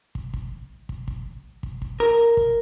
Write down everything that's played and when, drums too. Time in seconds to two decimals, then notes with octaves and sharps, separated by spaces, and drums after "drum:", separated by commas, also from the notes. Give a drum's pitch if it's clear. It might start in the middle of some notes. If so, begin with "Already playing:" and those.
0.15 drum: kick
0.34 drum: kick
0.89 drum: kick
1.08 drum: kick
1.63 drum: kick
1.82 drum: kick
2.00 A#4
2.37 drum: kick